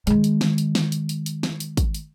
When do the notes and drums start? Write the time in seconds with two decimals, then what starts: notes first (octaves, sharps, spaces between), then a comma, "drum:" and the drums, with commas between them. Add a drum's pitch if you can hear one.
0.07 D#3 G#3, drum: hi-hat
0.24 drum: hi-hat
0.41 drum: snare
0.58 drum: hi-hat
0.75 drum: snare
0.92 drum: hi-hat
1.09 drum: hi-hat
1.26 drum: hi-hat
1.43 drum: snare
1.60 drum: hi-hat
1.77 drum: kick, hi-hat
1.94 drum: hi-hat